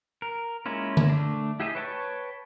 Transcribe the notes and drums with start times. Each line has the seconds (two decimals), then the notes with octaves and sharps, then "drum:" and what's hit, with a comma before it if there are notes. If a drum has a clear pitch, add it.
0.22 A#4
0.66 G#3 A#3 C#4 E4 F4
0.97 drum: tom D3
1.10 A3 D4
1.60 E4 G4 G#4 D#5 E5
1.75 B4 C#5 G5 A5 C#6